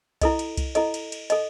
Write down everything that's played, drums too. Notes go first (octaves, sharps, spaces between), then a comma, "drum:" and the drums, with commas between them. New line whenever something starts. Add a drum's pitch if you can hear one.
E4 A4 D#5, drum: kick C2, cymbal
drum: cymbal
drum: kick C2, cymbal
E4 A4 D#5, drum: cymbal
drum: cymbal
drum: cymbal
A4 D#5, drum: cymbal